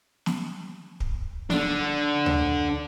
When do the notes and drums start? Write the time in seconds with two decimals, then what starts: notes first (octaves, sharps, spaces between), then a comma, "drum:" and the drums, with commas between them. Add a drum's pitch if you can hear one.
0.26 drum: snare
1.00 drum: kick
1.50 D3 D4, drum: snare
2.26 drum: tom D2